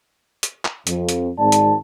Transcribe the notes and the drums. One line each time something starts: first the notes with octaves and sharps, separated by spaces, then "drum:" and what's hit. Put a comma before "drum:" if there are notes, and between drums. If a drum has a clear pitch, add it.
drum: hi-hat
drum: clap
F2, drum: hi-hat
drum: hi-hat
G#1 G#2 C4 D5 A5
drum: hi-hat